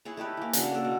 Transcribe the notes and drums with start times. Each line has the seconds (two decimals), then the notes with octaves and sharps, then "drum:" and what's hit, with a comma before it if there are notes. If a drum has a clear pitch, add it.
0.05 E4 G#4 B4 C#5
0.17 A3 D#4 G4 B4
0.37 E3 A#3
0.53 C#3 D4 F#4, drum: hi-hat
0.71 A#3 A4
0.84 B2